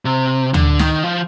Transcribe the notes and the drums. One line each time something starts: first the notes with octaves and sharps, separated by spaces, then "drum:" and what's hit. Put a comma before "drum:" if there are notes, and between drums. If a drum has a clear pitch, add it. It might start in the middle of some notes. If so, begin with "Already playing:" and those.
C3
D3, drum: tom D2
D#3, drum: snare
F3